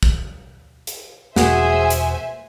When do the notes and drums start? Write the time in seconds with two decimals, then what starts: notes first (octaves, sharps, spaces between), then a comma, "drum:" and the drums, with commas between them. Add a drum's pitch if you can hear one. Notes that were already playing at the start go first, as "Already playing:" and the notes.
0.03 drum: kick
0.87 drum: hi-hat
1.36 E1 F#4 G#4 C5 E5 G#5, drum: snare
1.90 drum: hi-hat